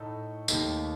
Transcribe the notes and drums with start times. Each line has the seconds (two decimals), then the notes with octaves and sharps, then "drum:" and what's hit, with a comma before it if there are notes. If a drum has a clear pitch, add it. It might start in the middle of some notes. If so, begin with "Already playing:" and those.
Already playing: A2 A3 D#4 A4
0.48 D#2 D#3 A3 D#4, drum: tambourine